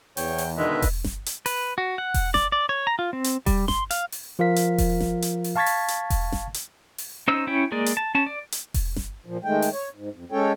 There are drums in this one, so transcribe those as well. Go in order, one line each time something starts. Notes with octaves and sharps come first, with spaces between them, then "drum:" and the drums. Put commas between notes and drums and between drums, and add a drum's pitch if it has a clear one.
E2 C#5 G5, drum: open hi-hat
drum: open hi-hat
B2 D3 D#3 G#3 B4 D#5 E5
drum: kick E1, open hi-hat
drum: snare G1
drum: hi-hat
B4, drum: open hi-hat
F#4
F#5
drum: kick E1, open hi-hat
D5, drum: snare G1
D5
C#5
A#5
F4
C4
drum: hi-hat
G3, drum: kick E1, open hi-hat
C6, drum: snare G1
F5, drum: hi-hat
drum: open hi-hat
F3 F4 A#4 F5 B6
drum: hi-hat
drum: kick E1, open hi-hat
drum: snare G1
drum: hi-hat
drum: open hi-hat
F5 A5 C#6 G#6 A6 B6
drum: open hi-hat
drum: hi-hat
drum: kick E1, open hi-hat
drum: snare G1
drum: hi-hat
drum: open hi-hat
C#4 D#4 C5 E6
C#4 E4 C#5 G5
G#3 A#3 G#4 D5
drum: hi-hat
A5
C#4 A5
D5
drum: hi-hat
drum: kick E1, open hi-hat
drum: snare G1
A#2 F3
D#3 G#3 A3 G5
drum: open hi-hat
C#5
G#2
F2
G#3 C#4 A4 C#5 G5